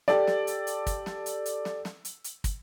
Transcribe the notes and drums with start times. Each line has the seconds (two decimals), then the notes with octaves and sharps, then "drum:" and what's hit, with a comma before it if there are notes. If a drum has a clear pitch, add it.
0.08 G4 A4 D5, drum: snare
0.27 drum: snare
0.47 drum: hi-hat
0.67 drum: hi-hat
0.86 drum: kick, hi-hat
1.06 drum: snare
1.26 drum: hi-hat
1.46 drum: hi-hat
1.65 drum: snare
1.85 drum: snare
2.05 drum: hi-hat
2.24 drum: hi-hat
2.44 drum: kick, hi-hat